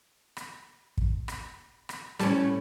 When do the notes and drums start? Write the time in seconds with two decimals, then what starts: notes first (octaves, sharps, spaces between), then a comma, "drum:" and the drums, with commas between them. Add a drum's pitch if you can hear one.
0.37 drum: rim click
0.98 drum: kick
1.28 drum: rim click
1.89 drum: rim click
2.19 A2 G3 C#4 A5, drum: rim click